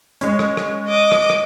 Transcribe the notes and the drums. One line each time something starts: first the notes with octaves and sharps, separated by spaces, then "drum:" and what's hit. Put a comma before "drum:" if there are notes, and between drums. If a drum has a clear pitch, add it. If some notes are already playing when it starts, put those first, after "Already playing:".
G#3 C#4, drum: hi-hat
drum: rim click
drum: rim click
D#5 D6
drum: rim click
drum: rim click